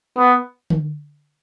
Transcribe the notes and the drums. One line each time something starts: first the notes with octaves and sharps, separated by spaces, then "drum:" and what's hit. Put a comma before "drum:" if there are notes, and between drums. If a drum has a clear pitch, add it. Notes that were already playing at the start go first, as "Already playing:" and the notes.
B3
drum: tom D3